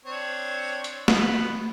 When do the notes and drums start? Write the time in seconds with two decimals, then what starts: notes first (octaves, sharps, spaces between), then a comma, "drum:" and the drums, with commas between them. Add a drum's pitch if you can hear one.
0.05 C4 D4 C#5
0.84 drum: hi-hat
1.08 B3, drum: snare